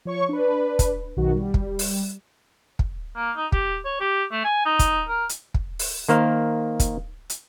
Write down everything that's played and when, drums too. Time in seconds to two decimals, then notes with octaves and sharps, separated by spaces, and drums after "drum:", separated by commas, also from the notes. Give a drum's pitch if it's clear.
0.05 F3 C#5 C#6
0.29 D4 B4
0.79 drum: kick, hi-hat
1.17 B1 D#3 F#4
1.35 G3
1.54 drum: kick
1.79 drum: open hi-hat
2.79 drum: kick
3.16 A#3
3.36 D#4
3.52 G4, drum: kick
3.85 C#5
4.00 G4
4.32 A3
4.44 G#5
4.66 D#4
4.79 drum: kick, hi-hat
5.08 A#4
5.29 drum: hi-hat
5.54 drum: kick
5.79 drum: open hi-hat
6.09 D#3 A#3 C5 F5
6.80 drum: kick, hi-hat
7.30 drum: hi-hat